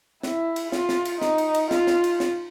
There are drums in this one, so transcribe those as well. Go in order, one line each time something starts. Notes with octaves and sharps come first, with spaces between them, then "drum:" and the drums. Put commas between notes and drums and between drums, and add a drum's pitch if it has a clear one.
E4, drum: snare
drum: cymbal
F4, drum: snare
drum: snare
drum: cymbal
D#4, drum: snare
drum: cymbal
drum: cymbal
F4, drum: snare
drum: snare
drum: cymbal
drum: snare